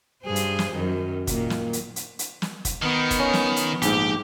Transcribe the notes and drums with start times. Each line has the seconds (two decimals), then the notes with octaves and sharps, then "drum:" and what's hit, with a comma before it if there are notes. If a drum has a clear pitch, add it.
0.25 G2 G#4 C5
0.36 drum: hi-hat
0.59 drum: snare
0.74 F#2 D#3
1.27 A#2 D#3 A#3, drum: kick, hi-hat
1.50 drum: snare
1.73 drum: hi-hat
1.96 drum: hi-hat
2.19 drum: hi-hat
2.42 drum: snare
2.65 drum: kick, hi-hat
2.83 D#3 B3
3.11 drum: kick, hi-hat
3.20 C#4
3.33 drum: snare
3.56 drum: hi-hat
3.82 A#1 G#2 G4, drum: hi-hat